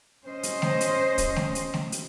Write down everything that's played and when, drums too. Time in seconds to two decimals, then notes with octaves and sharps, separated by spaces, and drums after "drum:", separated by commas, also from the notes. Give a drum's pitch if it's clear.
0.25 C#4 C5 D#5
0.43 drum: hi-hat
0.62 drum: snare A3
0.81 drum: hi-hat
1.18 drum: kick, hi-hat
1.36 drum: snare A3
1.55 drum: hi-hat
1.74 drum: snare A3
1.92 drum: hi-hat